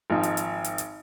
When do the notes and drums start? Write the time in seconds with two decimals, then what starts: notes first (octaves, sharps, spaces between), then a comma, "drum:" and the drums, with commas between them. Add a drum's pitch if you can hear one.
0.10 G#1 F3 D#4
0.23 drum: hi-hat
0.37 drum: hi-hat
0.64 drum: hi-hat
0.78 drum: hi-hat